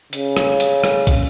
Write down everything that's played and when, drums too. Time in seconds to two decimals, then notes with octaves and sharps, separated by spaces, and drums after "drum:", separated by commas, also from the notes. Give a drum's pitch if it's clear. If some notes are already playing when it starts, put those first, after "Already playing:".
0.13 C#3, drum: hi-hat
0.37 drum: rim click
0.60 drum: hi-hat
0.84 drum: rim click
1.07 drum: kick, hi-hat